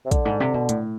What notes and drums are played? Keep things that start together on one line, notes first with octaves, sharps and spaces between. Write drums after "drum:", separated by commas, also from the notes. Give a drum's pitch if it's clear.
C3
F2 D3, drum: kick, hi-hat
G#2
C3
B2
A2, drum: hi-hat